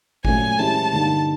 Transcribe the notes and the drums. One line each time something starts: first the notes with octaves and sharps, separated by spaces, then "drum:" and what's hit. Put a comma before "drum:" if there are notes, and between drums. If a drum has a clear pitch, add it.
A#2 F#3 A3 C#4 G#5, drum: kick G#1
E3 G#3 C#4 E4 G4 A5
G2 D3 G3 A#3 D#4